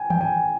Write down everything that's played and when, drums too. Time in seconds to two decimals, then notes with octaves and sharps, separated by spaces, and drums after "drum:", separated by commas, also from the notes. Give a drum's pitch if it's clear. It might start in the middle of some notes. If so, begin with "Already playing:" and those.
Already playing: G5 G#5
0.10 G5, drum: tom D#3
0.21 G#5